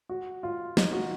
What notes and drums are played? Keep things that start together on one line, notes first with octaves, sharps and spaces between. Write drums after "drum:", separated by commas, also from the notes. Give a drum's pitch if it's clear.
F#4
F4
D#4, drum: snare
F#4